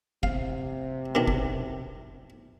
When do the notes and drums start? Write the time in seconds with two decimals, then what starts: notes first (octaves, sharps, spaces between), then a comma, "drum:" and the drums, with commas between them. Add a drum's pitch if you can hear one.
0.23 C3 F5, drum: kick
1.15 B2 D#3 D4
1.27 drum: kick